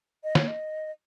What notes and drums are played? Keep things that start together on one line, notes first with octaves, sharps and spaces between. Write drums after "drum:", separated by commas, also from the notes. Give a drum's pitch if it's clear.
D#5
C#5, drum: snare
D#5